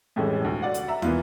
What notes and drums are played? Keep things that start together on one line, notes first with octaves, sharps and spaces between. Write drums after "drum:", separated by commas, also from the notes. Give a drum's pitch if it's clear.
F2 A2 E3 G3 G#3 C#4
D2
F#4 D5 F#5
drum: hi-hat
E5 A#5
E3 A#3 B3 E4 F4, drum: tom